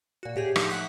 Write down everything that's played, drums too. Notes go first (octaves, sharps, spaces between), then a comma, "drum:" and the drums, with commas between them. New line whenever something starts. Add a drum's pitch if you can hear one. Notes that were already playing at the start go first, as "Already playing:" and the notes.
A#2 F#4
A2 G4 G#4
A2 F3 D#4 C#6 G6 C#7, drum: rim click
E5 F#5 F#6 B6